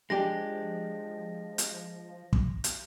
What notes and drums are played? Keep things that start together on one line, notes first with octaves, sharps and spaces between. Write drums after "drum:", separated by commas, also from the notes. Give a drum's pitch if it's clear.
F3 G#3 D4 G4 A#6
drum: hi-hat
drum: kick
drum: hi-hat